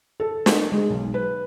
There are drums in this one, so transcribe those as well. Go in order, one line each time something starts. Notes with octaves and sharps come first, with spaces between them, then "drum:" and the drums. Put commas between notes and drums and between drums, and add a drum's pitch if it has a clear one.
A4
drum: snare
G#3
B1
B4